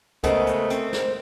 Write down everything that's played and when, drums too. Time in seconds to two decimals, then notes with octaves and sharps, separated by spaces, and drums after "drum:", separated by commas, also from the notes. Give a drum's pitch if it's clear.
0.24 C#3 G#3 A3 B3 A#4 C5 D#5, drum: kick C#2, hi-hat
0.47 drum: hi-hat
0.70 C4, drum: hi-hat
0.93 drum: snare